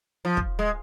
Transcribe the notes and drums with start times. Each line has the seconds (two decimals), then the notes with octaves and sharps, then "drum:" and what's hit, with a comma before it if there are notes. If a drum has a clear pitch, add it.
0.25 F3
0.37 drum: kick
0.59 G#3